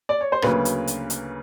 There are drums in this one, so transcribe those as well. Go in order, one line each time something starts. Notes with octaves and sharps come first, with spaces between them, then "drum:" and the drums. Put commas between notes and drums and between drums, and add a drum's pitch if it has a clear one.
D5
C#5
C5
D2 C#3 F#3 A#3 B4, drum: rim click
drum: hi-hat
drum: hi-hat
drum: hi-hat